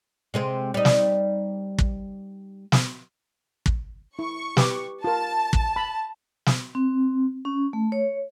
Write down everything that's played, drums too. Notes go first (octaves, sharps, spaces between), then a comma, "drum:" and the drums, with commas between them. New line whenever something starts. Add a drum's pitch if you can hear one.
C3 G#3 C4
G3 D#4
drum: snare
drum: kick
drum: snare
drum: kick
E4 C#6
G4 B4 D6, drum: snare
F4 A#4 A5
drum: kick
B5
drum: snare
C4
C#4
A3
C#5